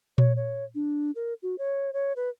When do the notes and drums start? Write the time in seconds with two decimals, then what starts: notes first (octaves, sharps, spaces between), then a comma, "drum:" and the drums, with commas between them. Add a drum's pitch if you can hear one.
0.18 C#5, drum: tom A#2
0.36 C#5
0.75 D4
1.15 A#4
1.43 F#4
1.58 C#5
1.93 C#5
2.16 B4